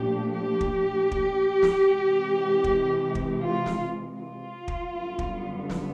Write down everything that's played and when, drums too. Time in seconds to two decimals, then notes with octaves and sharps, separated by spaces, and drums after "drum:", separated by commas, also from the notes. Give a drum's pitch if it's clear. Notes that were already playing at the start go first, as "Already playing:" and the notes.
Already playing: A#2 F3 A3 D4 G4
0.35 G4
0.61 drum: kick
1.11 drum: kick
1.62 drum: snare
1.87 C3 E3 G#3
2.64 drum: kick
3.15 drum: kick
3.41 F4
3.66 drum: snare
4.17 F4
4.68 drum: kick
4.93 F#2 D3 G3 B3
5.19 drum: kick
5.69 drum: snare